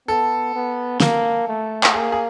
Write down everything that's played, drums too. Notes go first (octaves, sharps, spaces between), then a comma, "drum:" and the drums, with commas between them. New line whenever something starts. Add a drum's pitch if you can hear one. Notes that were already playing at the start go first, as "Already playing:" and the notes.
B3 A4
B3
A#3, drum: snare
A3
drum: clap
A#3 G#4
G#4